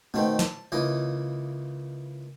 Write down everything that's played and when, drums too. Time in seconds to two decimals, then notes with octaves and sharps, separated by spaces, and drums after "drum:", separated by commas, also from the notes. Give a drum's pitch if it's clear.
0.14 B2 D#3 A3 C4, drum: tom G#3
0.39 A5, drum: snare
0.72 C#2 E3 A#3 D#5